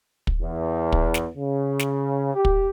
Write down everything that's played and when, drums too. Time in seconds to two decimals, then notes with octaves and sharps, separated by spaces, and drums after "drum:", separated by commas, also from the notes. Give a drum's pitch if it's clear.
0.27 drum: kick
0.42 E2
0.92 drum: kick
1.14 drum: snare
1.36 C#3
1.79 drum: snare
2.35 G4
2.45 drum: kick